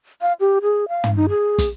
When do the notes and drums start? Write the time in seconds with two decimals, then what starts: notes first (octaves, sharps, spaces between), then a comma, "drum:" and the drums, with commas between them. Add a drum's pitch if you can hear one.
0.21 F5
0.40 G4
0.62 G#4
0.89 F5
1.04 drum: tom
1.16 D#4
1.29 G#4
1.58 drum: kick, hi-hat